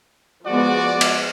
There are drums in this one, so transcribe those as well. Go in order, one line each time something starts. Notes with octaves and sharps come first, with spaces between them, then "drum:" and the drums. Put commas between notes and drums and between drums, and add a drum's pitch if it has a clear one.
F3 G#3 B3 F#4 D5
drum: cymbal